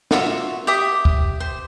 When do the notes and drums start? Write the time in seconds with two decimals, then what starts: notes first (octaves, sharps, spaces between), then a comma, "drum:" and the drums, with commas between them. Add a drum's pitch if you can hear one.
0.11 F4 F#4 C#5 E5, drum: snare
0.67 G4 E5 D#6
1.05 drum: kick D2
1.40 C5